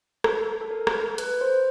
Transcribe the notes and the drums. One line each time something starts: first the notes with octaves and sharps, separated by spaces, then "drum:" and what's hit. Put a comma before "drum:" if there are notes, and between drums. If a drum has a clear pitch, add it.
A4, drum: rim click
A4
A#4
drum: rim click
B4, drum: hi-hat
C5